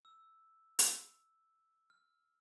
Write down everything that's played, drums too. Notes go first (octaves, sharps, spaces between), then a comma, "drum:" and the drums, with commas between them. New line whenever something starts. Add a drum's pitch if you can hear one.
E6
drum: hi-hat
F6